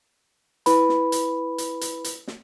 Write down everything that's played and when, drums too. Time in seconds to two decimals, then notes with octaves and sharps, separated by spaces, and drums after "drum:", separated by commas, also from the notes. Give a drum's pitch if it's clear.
0.66 E4 B4 B5, drum: hi-hat
0.89 drum: snare
1.12 drum: hi-hat
1.58 drum: hi-hat
1.81 drum: hi-hat
2.04 drum: hi-hat
2.28 drum: snare